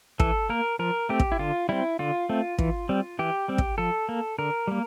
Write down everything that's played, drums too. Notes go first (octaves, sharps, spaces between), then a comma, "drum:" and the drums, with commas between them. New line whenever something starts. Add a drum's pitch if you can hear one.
E3 A4, drum: kick
A#3 A#4
F3 A#4
A3 C4 G4
drum: kick
E4
D3 F4
G3 C4 E4
D3 F4
A3 C4
E3, drum: kick
G3 C4
E3 G4
G3 C4
drum: kick
F3 A4
A#3
D3 A#4
G3 A#3